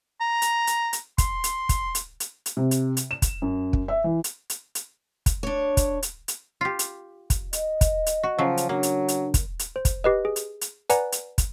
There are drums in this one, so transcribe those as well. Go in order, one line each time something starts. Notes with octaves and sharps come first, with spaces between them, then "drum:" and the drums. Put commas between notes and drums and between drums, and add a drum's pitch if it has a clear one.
A#5
drum: hi-hat
drum: hi-hat
drum: hi-hat
C6, drum: kick, hi-hat
drum: hi-hat
drum: kick, hi-hat
drum: hi-hat
drum: hi-hat
drum: hi-hat
C3
drum: hi-hat
drum: hi-hat
E7
drum: kick, hi-hat
F#2
drum: kick
E5
E3
drum: hi-hat
drum: hi-hat
drum: hi-hat
drum: kick, hi-hat
D4 C#5
drum: kick, hi-hat
drum: hi-hat
drum: hi-hat
F4 G4
drum: hi-hat
drum: kick, hi-hat
D#5, drum: hi-hat
drum: kick, hi-hat
drum: hi-hat
F#4
C#3 F3 F#3
drum: hi-hat
F#3 A#3 D4
drum: hi-hat
drum: hi-hat
drum: kick, hi-hat
drum: hi-hat
C5
drum: kick, hi-hat
G4 B4 D#5
G#4
drum: hi-hat
drum: hi-hat
B4 D5 F#5 G#5 A#5, drum: hi-hat
drum: hi-hat
drum: kick, hi-hat